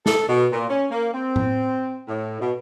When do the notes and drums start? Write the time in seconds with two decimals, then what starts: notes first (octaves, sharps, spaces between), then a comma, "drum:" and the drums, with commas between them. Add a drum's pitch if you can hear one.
0.06 A4, drum: snare
0.28 B2
0.51 A#2
0.69 C#4
0.91 A#3
1.14 C4
1.36 drum: tom A2
2.08 A2
2.39 B2